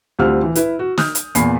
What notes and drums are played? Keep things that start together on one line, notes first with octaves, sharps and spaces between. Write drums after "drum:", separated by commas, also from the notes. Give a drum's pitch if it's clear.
D2 G3 C4 F4 E6 F6
E3
E4 B4, drum: hi-hat
F#4
D#6 F6 G6, drum: snare
drum: hi-hat
E2 A#2 G#5 B5 C7, drum: hi-hat